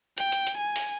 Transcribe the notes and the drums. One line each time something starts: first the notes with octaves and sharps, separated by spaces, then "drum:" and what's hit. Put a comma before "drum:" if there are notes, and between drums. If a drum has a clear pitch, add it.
G5, drum: hi-hat
drum: hi-hat
drum: hi-hat
G#5
drum: open hi-hat